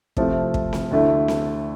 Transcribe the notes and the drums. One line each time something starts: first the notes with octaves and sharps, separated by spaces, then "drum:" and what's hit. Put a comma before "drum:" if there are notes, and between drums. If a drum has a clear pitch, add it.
C3 F3 A3, drum: kick
drum: kick
drum: snare C4
D2 D3 A3 E4
drum: snare C4